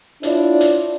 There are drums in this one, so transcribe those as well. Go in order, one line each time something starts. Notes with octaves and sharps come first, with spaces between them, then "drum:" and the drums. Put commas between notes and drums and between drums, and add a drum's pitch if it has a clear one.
D4 E4 F4 C#5 D5, drum: hi-hat
drum: hi-hat